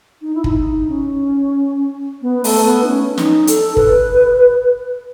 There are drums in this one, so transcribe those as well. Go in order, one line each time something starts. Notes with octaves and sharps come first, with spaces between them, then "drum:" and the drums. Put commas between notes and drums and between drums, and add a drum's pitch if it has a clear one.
D#4
E4
D#4, drum: kick
D#4
C#4
B3
A3, drum: open hi-hat
B3
D#4
C#4
D#4, drum: snare
A4, drum: hi-hat
B4, drum: kick